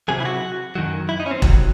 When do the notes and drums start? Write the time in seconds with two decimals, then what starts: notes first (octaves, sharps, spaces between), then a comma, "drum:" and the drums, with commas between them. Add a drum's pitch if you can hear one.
0.08 C3 F#3 G#4
0.20 E4
0.25 F#4
0.75 F#2 D#3 F#3
1.09 E4
1.20 D#4
1.26 C#4
1.31 C4
1.42 C3 D#3 F#3, drum: kick E1